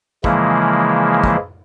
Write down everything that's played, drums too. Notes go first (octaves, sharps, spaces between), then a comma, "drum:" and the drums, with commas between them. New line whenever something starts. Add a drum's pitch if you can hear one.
C#3 E3 F3 G#3 A#3 E4, drum: kick
drum: kick